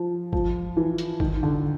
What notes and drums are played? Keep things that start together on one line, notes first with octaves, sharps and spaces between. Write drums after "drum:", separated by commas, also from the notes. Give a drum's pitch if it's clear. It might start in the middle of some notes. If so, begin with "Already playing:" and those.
Already playing: F3
F3, drum: kick G1
E3
drum: hi-hat
D#3, drum: kick G1
D3